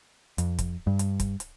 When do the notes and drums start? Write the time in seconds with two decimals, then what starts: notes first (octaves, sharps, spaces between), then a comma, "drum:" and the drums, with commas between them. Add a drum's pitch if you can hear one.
0.38 F2, drum: hi-hat
0.59 drum: kick, hi-hat
0.87 G2
0.99 drum: hi-hat
1.20 drum: kick, hi-hat
1.40 drum: hi-hat